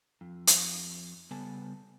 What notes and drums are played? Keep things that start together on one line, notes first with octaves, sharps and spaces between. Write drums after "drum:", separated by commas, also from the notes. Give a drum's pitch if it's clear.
F2
drum: hi-hat
C#3 G3 B3 A4 G#5 A5